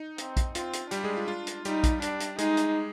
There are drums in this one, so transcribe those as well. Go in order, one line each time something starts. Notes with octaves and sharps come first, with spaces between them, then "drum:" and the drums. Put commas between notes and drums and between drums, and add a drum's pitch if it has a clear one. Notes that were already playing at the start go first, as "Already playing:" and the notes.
Already playing: D#4
C4, drum: hi-hat
drum: kick A#1, hi-hat
C4 F4, drum: hi-hat
drum: hi-hat
G3 D4 G4, drum: hi-hat
G#3 G#4
F4
F4
drum: hi-hat
G3 D#4 G4, drum: hi-hat
drum: kick A#1, hi-hat
D4, drum: hi-hat
drum: hi-hat
G#3 D#4 G#4, drum: hi-hat
drum: hi-hat